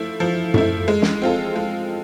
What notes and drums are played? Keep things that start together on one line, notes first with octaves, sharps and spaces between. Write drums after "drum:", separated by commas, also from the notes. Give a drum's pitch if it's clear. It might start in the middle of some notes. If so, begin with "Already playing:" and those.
Already playing: F3 A3 E4
F3
A3 E4, drum: tom F#2
G#3
drum: snare
C4 F4 A4
G#3